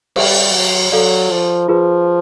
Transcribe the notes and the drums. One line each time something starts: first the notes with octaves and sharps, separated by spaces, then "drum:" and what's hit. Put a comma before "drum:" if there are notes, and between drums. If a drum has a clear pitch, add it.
G3 B4 E5 G5, drum: cymbal
F#3
F#3 A4 D5 F5
F3
F3 F4 G#4 B4